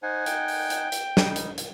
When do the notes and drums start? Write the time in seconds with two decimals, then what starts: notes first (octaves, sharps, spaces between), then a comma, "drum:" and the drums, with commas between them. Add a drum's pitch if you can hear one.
0.03 D#4 C5 F#5 G#5
0.26 G5, drum: hi-hat
0.48 drum: open hi-hat
0.70 drum: hi-hat
0.92 drum: hi-hat
1.17 G3 D#4, drum: snare
1.36 drum: hi-hat
1.58 drum: hi-hat